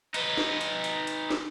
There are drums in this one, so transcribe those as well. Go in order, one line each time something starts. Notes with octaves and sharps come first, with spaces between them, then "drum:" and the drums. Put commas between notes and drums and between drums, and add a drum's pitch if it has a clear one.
D#4 B4, drum: hi-hat
drum: snare
drum: hi-hat
drum: hi-hat
drum: hi-hat
drum: snare